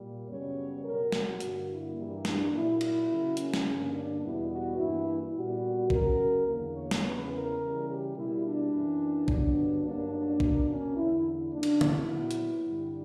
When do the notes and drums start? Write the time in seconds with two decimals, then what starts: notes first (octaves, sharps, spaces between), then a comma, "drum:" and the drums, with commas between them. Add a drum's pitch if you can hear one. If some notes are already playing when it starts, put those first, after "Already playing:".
Already playing: A#2 G3 A#3
0.28 F#2 C#3 G3 B3 C#5
0.84 B2 F#3 B3 A#4
1.12 F#4, drum: snare
1.40 G2 D3 A#3, drum: hi-hat
1.68 E4
1.97 G2 E3 G3 A#3
2.25 D4, drum: snare
2.53 A#2 F#3 A#3 E4
2.81 E4, drum: cymbal
3.09 C#3 F#3 A#3
3.37 C#4, drum: hi-hat
3.54 drum: snare
3.65 G2 D3 A#3
3.93 D4
4.22 E2 B2 G3 B3 E4
4.50 F#4
4.78 G2 E3 A#3 E4
5.34 A#2 G3 B3 F#4
5.90 F#2 C#3 F#3 A#4, drum: kick
6.46 E2 D3 A#3
6.74 C#5
6.91 drum: snare
7.02 E2 C#3 E3 B3 B4
7.31 A#4
7.59 C#3 E3 G3
7.87 G4
8.15 B2 G3 A#3 E4
8.43 D4
8.72 F#2 E3 A#3
9.28 G2 D3 F#3 B3 D4, drum: kick
9.84 G2 F#3 A#3 D4
10.12 D4
10.40 B2 A#3, drum: kick
10.68 C#4
10.96 E2 D3 A#3 E4
11.53 C#3 F#3 A#3 D4
11.63 drum: cymbal
11.81 E4, drum: tom
12.09 A#2 F#3 B3
12.31 drum: hi-hat
12.65 G2 D3 G3